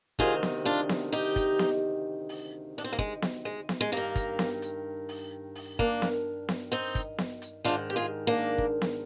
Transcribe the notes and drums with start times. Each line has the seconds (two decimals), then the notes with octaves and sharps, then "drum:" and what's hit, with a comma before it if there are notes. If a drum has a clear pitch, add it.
0.19 D2 C3 D#3 F4 G#4, drum: kick
0.43 drum: snare B3
0.65 D4 F4
0.89 drum: snare B3
1.12 D#4 G4
1.36 drum: kick, hi-hat
1.59 drum: snare B3
2.29 drum: open hi-hat
2.78 D4, drum: open hi-hat
2.84 C4
2.93 A#3
2.99 G#3, drum: kick
3.22 drum: snare B3
3.45 G#3
3.69 drum: snare B3
3.81 G#3
3.92 G2 D#3 A#3
4.16 drum: kick, hi-hat
4.39 drum: snare B3
4.62 drum: hi-hat
5.09 drum: open hi-hat
5.55 drum: open hi-hat
5.79 A#3 D4, drum: kick
6.02 drum: snare B3
6.49 drum: snare B3
6.72 C4 D#4
6.95 drum: kick, hi-hat
7.18 drum: snare B3
7.42 drum: hi-hat
7.65 G#2 D#3 D4 F4
7.90 G4
7.96 F4 G#4
8.27 A#3 D4
8.58 drum: kick
8.82 drum: snare B3